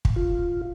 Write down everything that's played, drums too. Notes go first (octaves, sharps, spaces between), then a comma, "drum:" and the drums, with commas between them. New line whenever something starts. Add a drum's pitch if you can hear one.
drum: kick
F4